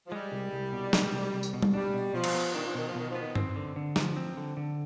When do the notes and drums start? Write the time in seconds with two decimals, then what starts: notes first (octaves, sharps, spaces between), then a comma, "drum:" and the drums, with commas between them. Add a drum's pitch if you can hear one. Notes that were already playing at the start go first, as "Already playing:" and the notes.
0.07 F3
0.12 G3 G#3
0.32 C2
0.52 C2
0.72 B2
0.93 G#3, drum: snare
1.12 C2
1.33 C2
1.43 drum: tambourine
1.53 B2
1.63 drum: tom G3
1.74 G3 D4
1.94 B2
2.13 B2 F3
2.24 drum: cymbal
2.34 B3
2.54 D#3 D4
2.65 F3
2.75 B2 D#3
2.87 F3
2.95 B2 D#3
3.10 F3
3.15 B3
3.21 D#3
3.35 C4, drum: tom G2
3.56 D3
3.76 D3
3.96 F3, drum: snare
4.16 C4
4.37 D3
4.57 D3